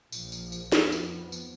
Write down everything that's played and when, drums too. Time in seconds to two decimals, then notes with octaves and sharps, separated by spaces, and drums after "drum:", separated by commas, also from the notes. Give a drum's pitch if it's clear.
0.12 A#1 A#2 F3, drum: tambourine
0.32 drum: tambourine
0.52 drum: tambourine
0.72 F2 F3 B3, drum: snare
0.92 drum: tambourine
1.32 drum: tambourine